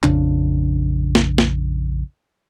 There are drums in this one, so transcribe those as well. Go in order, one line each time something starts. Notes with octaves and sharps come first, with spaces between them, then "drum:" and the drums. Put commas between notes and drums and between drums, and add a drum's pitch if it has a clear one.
A#1 F2 C#3 D4, drum: clap
drum: snare
drum: snare